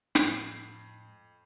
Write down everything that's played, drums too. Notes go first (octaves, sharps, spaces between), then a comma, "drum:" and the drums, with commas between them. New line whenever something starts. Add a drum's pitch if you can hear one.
F2 A2 G#3 C7, drum: snare